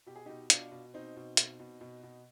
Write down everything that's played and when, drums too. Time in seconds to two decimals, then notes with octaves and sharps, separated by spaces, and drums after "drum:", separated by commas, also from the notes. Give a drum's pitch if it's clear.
0.06 B2 G4
0.16 G#4
0.26 B2 D#4 G4
0.50 B2 D4 F4, drum: hi-hat
0.72 B2
0.94 B2 C4 D#4
1.16 B2
1.37 B2, drum: hi-hat
1.60 B2
1.81 B2
2.03 B2